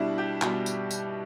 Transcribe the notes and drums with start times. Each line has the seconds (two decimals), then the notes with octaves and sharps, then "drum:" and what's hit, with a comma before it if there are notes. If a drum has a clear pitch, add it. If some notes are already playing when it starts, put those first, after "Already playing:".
Already playing: B2 G3 D4 E4
0.18 G4
0.42 B2 G3, drum: clap
0.66 drum: tambourine
0.91 drum: tambourine